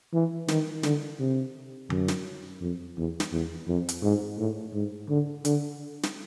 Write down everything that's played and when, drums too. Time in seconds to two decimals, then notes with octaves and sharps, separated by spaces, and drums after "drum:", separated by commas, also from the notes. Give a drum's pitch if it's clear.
0.14 E3
0.48 D#3, drum: snare
0.83 D3, drum: snare
1.20 C3
1.90 F#2, drum: tom D3
2.08 drum: snare
2.61 F2
2.97 E2
3.20 drum: snare
3.32 E2
3.68 F2
3.89 drum: hi-hat
4.03 G#2
4.38 A2
4.74 G#2
5.09 D3
5.45 D3, drum: hi-hat
6.03 drum: snare